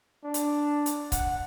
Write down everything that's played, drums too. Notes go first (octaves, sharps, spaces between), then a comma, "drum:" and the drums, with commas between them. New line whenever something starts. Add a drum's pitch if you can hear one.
D4
drum: hi-hat
drum: hi-hat
F#5, drum: kick C#1, hi-hat